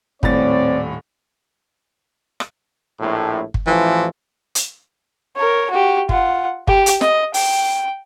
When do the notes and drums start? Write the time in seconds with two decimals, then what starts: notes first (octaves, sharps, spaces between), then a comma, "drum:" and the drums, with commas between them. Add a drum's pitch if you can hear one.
0.23 D#1 A2 C4 C#5 D5 A6, drum: kick
2.40 drum: rim click
3.00 A#1 A2
3.54 drum: kick
3.67 A1 E3 F3
4.55 drum: hi-hat
5.36 A#4 C#5
5.70 F#4 G4
6.09 F4 F#5, drum: kick
6.68 G4, drum: kick
6.86 drum: hi-hat
7.01 D#5, drum: snare
7.34 G5, drum: open hi-hat